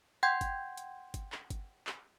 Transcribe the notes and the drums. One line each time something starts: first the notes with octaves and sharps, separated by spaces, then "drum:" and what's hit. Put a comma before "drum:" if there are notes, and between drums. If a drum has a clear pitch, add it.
F#5 G5 C6 G6 G#6
drum: kick G1, hi-hat
drum: hi-hat
drum: kick G1, hi-hat
drum: clap
drum: kick G1, hi-hat
drum: clap